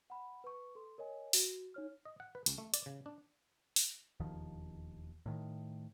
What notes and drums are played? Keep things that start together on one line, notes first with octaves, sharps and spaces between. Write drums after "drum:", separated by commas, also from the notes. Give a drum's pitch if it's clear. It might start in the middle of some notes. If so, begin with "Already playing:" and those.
F#5 B5
B4 C#6
A4 C6
A#4 C#5 D#5 G#5
F#4, drum: open hi-hat
D#4 C#5 F6
D#5
F#5
B4
C#2, drum: hi-hat
A3
D5, drum: hi-hat
C#3
D4
drum: open hi-hat
E1 D#2 D#3 F3
A2 D#3